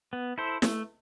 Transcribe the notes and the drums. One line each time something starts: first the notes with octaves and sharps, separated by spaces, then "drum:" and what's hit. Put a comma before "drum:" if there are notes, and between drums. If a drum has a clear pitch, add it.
B3
E4 A4 C5
A3, drum: snare